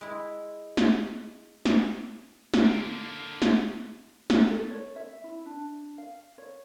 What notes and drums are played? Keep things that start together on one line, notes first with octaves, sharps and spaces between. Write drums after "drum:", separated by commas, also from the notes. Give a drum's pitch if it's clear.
G#3 E4
drum: snare
drum: snare
drum: snare
D3 A#3
drum: snare
drum: snare
A4
C#5
E5
E4
D4
F5
C#5